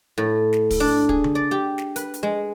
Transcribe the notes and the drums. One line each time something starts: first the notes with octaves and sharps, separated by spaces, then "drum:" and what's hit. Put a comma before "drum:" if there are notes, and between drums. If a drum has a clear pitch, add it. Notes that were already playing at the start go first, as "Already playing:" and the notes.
A2
drum: snare
drum: kick, open hi-hat
D4
G#4, drum: kick
drum: tom C#3
D5
G4
drum: snare
B4, drum: hi-hat
drum: hi-hat
G#3